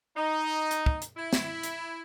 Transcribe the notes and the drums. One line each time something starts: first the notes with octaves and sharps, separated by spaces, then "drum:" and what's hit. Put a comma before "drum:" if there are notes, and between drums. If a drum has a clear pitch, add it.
D#4
drum: hi-hat
drum: kick
drum: hi-hat
E4
drum: snare
drum: hi-hat